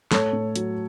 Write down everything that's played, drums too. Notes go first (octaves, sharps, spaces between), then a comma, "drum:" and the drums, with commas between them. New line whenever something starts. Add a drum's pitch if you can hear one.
A2 A4 C#5, drum: snare
A2
F#3, drum: hi-hat